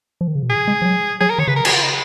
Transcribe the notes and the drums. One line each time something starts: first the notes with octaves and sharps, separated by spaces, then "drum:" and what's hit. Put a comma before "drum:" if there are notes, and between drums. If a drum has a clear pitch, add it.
F3
D#3
C#3
B2
A#2 G#4
G#3
F3
F#3
F#3 G#4
A#4
D#3 C#5
C#3 B4
A#4
G#4, drum: cymbal
F4
D#4